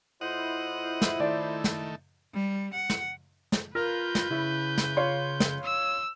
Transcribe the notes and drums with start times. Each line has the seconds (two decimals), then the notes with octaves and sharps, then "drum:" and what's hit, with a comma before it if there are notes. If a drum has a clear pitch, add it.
0.21 A2 E4 F4 C5 D#5 F#5
1.01 drum: snare
1.20 D#3 A3 D5
1.64 drum: snare
2.34 G3
2.74 F#5
2.90 drum: snare
3.52 drum: snare
3.75 F4 A#4 B4 G6
4.15 drum: snare
4.31 C#3 E4
4.78 drum: snare
4.97 F4 C#5 C6
5.40 drum: snare
5.63 E6